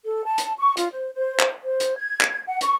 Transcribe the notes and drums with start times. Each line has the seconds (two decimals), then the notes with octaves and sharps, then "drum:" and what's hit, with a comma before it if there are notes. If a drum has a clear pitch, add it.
0.06 A4
0.26 A5
0.38 drum: hi-hat
0.58 C#6
0.77 F4, drum: hi-hat
0.92 C5
1.14 C5
1.39 drum: clap
1.63 C5
1.80 drum: hi-hat
1.97 G#6
2.21 drum: clap
2.48 F#5
2.61 C#6, drum: hi-hat